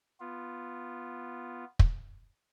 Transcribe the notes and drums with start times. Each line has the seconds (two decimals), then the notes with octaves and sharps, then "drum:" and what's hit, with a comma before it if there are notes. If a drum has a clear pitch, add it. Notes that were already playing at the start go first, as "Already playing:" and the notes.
0.20 B3 F4
1.79 drum: kick